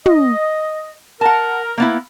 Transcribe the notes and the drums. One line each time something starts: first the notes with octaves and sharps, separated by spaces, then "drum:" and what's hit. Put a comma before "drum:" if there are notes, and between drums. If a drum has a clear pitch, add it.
D#5, drum: tom
A#4 F#5 A5
A#3 B3 E4